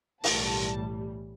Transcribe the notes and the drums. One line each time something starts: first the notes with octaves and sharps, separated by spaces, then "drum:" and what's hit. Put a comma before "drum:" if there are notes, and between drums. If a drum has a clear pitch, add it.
B1 A2 E3 G3 A5, drum: open hi-hat